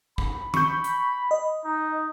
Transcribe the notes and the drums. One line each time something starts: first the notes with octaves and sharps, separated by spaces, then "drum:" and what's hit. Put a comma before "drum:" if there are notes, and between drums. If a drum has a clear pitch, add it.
B5, drum: kick
C#6 G6, drum: tom D#3
drum: hi-hat
D#5
D#4